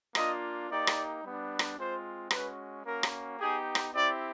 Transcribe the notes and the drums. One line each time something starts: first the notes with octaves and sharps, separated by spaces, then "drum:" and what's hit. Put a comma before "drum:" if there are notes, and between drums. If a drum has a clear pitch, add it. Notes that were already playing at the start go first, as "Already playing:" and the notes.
A#3 D4 F4 D#5, drum: rim click
A#3 D#4 G4 D5
drum: rim click
G3 B3 D4
drum: rim click
G#3 C4 F4 C5
G#3 C#4 F#4 B4, drum: rim click
A#3 C#4 F#4 A#4
drum: rim click
B3 D#4 G4 G#4
drum: rim click
C4 E4 G4 D5